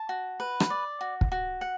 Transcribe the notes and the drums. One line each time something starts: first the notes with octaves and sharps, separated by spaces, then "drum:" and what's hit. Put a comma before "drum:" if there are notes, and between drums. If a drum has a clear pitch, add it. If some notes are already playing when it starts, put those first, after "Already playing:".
Already playing: A5
F#4
B4
drum: rim click
D5
F#4
drum: kick
F#4
F#5